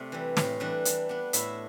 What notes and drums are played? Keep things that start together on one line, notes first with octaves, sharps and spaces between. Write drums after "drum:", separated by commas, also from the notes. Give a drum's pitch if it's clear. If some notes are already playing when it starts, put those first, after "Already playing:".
Already playing: C3 A3 D4
E3 G3
A2, drum: snare
E3 G3 D4
E3, drum: hi-hat
B3 D4
A2 E4 E5, drum: hi-hat